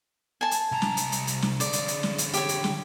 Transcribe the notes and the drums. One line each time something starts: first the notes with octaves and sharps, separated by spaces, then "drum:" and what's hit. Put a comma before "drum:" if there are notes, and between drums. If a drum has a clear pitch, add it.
G#5 A5
drum: hi-hat
C2 A#5
drum: snare
drum: hi-hat
drum: hi-hat
drum: hi-hat
drum: snare
D3 G#4 D5, drum: hi-hat
drum: hi-hat
drum: hi-hat
drum: snare
drum: hi-hat
G4 C#5, drum: hi-hat
drum: hi-hat
drum: snare